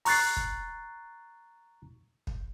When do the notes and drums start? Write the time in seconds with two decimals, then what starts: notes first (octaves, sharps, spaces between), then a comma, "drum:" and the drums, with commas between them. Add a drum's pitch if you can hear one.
0.05 A#5 C#6 F#6 A6 C7, drum: open hi-hat
0.37 drum: kick
2.27 drum: kick